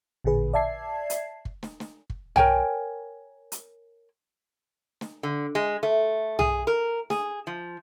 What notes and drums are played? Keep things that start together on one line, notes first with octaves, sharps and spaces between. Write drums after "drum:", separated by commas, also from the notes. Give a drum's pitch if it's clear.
A1 A#2 D3 G#4 B4
D5 E5 A5 G#6 C7
drum: hi-hat
drum: kick
drum: snare
drum: snare
drum: kick
A#4 C#5 G5 G#5, drum: tom
drum: hi-hat
drum: snare
D3
G#3
A3
G#4, drum: tom
A#4
G#4, drum: snare
F3